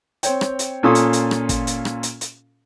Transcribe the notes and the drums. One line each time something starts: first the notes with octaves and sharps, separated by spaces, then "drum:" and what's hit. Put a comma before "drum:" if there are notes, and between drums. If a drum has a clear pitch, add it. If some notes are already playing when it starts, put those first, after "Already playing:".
C4 C#5 G5, drum: hi-hat
drum: rim click
drum: hi-hat
A#2 C#4 F4 A4 C#6 D#6
drum: hi-hat
drum: hi-hat
drum: rim click
drum: kick, hi-hat
drum: hi-hat
drum: rim click
drum: hi-hat
drum: hi-hat